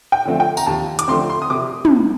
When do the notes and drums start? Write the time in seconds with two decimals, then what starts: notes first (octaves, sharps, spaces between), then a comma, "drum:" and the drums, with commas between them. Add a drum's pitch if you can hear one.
0.12 G5
0.25 D3 F3 A3 C4
0.40 G5
0.57 A#5, drum: tambourine
0.67 D#2 A5
0.99 D6, drum: hi-hat
1.08 D3 F3 A3 C4 C6
1.30 C6
1.42 D#6
1.50 C3 D6
1.85 drum: tom